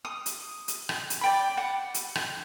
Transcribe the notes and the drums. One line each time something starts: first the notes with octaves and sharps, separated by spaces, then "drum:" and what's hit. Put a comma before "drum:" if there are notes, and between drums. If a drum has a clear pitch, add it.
D#6
drum: hi-hat
drum: hi-hat
drum: rim click
drum: hi-hat
D5 G5 B5
F#5
drum: hi-hat
drum: rim click